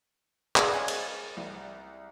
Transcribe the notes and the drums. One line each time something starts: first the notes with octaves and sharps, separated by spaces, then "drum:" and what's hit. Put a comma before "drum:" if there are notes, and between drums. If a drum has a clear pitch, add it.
G#4 A#4 B4 D5 F5 E6, drum: clap
G#3 C#4 C#5
drum: cymbal
C2